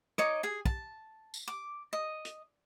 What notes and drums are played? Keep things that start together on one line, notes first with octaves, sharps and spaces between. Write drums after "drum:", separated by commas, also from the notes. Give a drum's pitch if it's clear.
D#4 C#5 D#5 D6, drum: rim click
G#4 G#5
A5, drum: kick
drum: tambourine
D6
D#5
drum: hi-hat